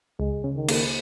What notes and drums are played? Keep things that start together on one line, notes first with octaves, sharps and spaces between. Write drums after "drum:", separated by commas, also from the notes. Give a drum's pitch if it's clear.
C#2 G#3
C#3
D#3
A#3, drum: cymbal